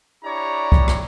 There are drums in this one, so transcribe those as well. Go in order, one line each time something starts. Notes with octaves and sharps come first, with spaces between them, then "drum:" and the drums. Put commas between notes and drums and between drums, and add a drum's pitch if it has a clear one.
D4 E4 G4 C#5 D5 A#5
drum: kick
drum: rim click